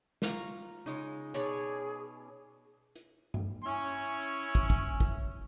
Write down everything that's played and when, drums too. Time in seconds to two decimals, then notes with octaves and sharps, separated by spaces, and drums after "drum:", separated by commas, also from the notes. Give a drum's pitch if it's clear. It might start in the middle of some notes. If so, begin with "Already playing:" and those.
0.22 F4 A#5 C#6, drum: snare
0.86 C#3 G#3 D#4
1.34 B2 C#4 G#4 C#5 D5
2.96 drum: hi-hat
3.34 drum: tom G2
3.64 C#4 E4 G#5 C#6
4.55 drum: kick
4.70 drum: kick
5.00 drum: kick